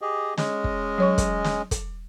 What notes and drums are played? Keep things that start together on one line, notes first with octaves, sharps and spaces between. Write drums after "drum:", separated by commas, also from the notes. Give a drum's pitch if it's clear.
G4 G#4 D#5
G#3 C#4 D#5, drum: snare
drum: kick
F#3 C#5 C#6
drum: kick, hi-hat
drum: snare
drum: kick, hi-hat